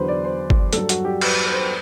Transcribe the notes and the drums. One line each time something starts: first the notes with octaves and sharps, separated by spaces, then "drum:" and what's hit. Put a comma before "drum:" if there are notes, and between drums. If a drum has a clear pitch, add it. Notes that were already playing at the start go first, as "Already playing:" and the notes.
Already playing: E2 D3 F#3 B4 C5
D5
C5
drum: kick
G2 F#3 A4, drum: hi-hat
F#4, drum: hi-hat
G4
B4, drum: cymbal
B4
C5
B4